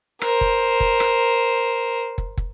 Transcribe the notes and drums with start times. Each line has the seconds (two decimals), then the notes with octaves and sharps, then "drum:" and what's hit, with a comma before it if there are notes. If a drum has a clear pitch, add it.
0.22 A#4 C5, drum: rim click
0.41 drum: kick
0.80 drum: kick
1.00 drum: rim click
2.18 drum: kick
2.37 drum: kick